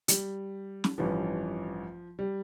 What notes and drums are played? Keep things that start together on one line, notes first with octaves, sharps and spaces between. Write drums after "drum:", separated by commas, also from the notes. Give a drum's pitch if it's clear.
G3, drum: hi-hat
drum: snare
A1 G2 E3 F3
G3